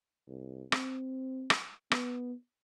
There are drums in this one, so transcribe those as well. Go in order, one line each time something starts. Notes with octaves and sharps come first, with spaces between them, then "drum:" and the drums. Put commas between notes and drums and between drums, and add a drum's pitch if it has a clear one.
C2
C4, drum: rim click
drum: rim click
B3, drum: rim click